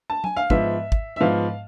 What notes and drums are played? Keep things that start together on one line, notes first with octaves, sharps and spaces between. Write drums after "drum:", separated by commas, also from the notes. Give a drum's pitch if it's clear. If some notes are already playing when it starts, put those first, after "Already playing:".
A5
G#5, drum: tom
F5
G#2 F3 B3 E5, drum: kick
drum: kick
E5
G#2 F3 B3 F5